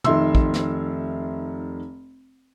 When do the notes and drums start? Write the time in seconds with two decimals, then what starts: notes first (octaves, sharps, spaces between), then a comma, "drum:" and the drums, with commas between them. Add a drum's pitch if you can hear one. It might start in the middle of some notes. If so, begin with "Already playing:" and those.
0.04 F1 D#3 E5 C6 E6, drum: tom
0.35 drum: kick
0.54 drum: snare